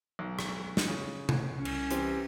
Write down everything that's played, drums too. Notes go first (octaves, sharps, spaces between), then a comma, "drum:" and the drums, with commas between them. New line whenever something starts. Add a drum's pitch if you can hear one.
B1
drum: rim click
drum: snare
C#3
drum: tom C3
C2 C#4
drum: cymbal
C3 E3 C4, drum: hi-hat